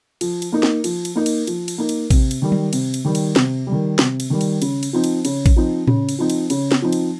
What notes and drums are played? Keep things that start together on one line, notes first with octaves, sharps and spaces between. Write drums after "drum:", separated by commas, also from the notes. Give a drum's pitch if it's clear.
F3, drum: cymbal
drum: cymbal
A#3 D#4
drum: snare
F3, drum: cymbal
drum: cymbal
A#3 D#4
drum: cymbal
F3, drum: cymbal
drum: cymbal
A#3 D#4
drum: cymbal
C3, drum: kick A1, cymbal
drum: cymbal
D#3 G3
drum: tom F#3
C3, drum: cymbal
drum: cymbal
D#3 G3
drum: cymbal
C3, drum: snare
G3
D#3
C3, drum: snare
drum: cymbal
D#3 G3
drum: cymbal
C#3, drum: cymbal
drum: cymbal
F3 C4 D#4
drum: cymbal
C#3, drum: cymbal
drum: kick A1, cymbal
F3 C4 D#4
C#3, drum: tom A2
drum: cymbal
F3 C4 D#4
drum: cymbal
C#3, drum: cymbal
drum: snare
F3 C4 D#4
drum: cymbal